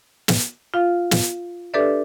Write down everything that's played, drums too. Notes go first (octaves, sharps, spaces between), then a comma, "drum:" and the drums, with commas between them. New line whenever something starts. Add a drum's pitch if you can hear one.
drum: snare
F4 F5
drum: snare
D4 G4 A4 B4 D5 E5